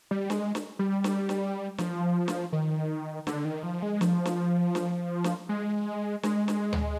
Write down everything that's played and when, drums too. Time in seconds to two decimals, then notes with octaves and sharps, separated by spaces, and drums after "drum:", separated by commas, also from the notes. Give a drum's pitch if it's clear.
0.11 G3
0.30 G#3, drum: snare
0.55 drum: snare
0.79 G3
1.04 drum: snare
1.29 drum: snare
1.78 F3, drum: snare
2.28 drum: snare
2.52 D#3
3.27 D3, drum: snare
3.45 D#3
3.63 F3
3.82 G#3
4.01 F3, drum: snare
4.25 drum: snare
4.75 drum: snare
5.24 drum: snare
5.49 G#3
6.23 G#3, drum: snare
6.48 drum: snare
6.73 drum: tom D2